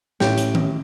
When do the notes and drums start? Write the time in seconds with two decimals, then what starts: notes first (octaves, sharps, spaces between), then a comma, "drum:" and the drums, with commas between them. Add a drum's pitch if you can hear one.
0.20 A1 A2 E4 G4 C#5 D7, drum: snare
0.38 drum: hi-hat
0.55 drum: tom D#3